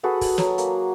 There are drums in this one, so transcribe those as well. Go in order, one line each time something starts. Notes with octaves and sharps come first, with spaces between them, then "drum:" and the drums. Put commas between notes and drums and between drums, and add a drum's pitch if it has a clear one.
F#4 G#4 A4 B4
drum: kick, open hi-hat
F#3, drum: snare
A#3, drum: hi-hat